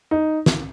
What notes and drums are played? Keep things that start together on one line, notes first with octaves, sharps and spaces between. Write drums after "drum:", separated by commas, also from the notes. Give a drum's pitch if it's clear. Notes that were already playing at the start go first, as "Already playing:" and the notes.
D#4
drum: snare